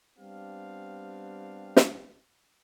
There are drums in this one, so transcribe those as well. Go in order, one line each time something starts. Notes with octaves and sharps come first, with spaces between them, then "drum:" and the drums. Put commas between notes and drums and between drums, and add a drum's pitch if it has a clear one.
G3 B3 C4 D4 G4 F5
drum: snare